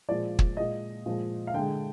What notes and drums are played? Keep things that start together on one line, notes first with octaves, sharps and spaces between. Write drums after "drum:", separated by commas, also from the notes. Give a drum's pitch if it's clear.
A#2 F3 G#3 D5
drum: kick
A#2 G#3 D#5
A#2 F3 G#3
F5
D3 G#3 G5